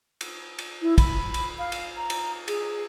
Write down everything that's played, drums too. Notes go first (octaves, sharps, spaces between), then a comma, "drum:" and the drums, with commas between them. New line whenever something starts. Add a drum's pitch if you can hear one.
drum: cymbal
drum: cymbal
E4
B5, drum: kick, cymbal
drum: cymbal
F5
drum: cymbal
A#5
drum: cymbal
G#4, drum: cymbal